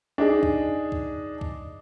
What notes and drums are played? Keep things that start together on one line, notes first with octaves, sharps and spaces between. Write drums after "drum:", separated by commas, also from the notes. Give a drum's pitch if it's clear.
D4 D#4 G#4
drum: kick C#2
drum: kick C#2
drum: kick C#2